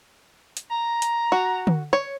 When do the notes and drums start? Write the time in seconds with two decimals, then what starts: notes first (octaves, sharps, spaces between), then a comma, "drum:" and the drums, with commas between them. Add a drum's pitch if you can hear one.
0.57 drum: hi-hat
0.70 A#5
1.02 drum: hi-hat
1.32 F#4
1.67 drum: tom D3
1.93 C#5